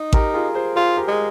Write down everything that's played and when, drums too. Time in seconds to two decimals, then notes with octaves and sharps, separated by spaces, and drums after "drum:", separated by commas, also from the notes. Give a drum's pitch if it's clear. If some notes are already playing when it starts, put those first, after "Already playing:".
Already playing: D#4
0.13 G4 A#4, drum: kick A1
0.34 F4 G#4
0.55 G#4 C5
0.76 F4 G#4 C5
0.96 G4 A#4
1.08 G#3